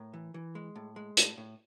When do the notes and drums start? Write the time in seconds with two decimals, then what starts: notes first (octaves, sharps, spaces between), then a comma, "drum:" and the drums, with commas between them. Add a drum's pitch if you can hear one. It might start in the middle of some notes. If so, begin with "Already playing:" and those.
Already playing: A2 A#4
0.14 E3
0.34 E3
0.55 G#3
0.75 A2
0.96 G#3
1.17 A2, drum: hi-hat
1.37 A2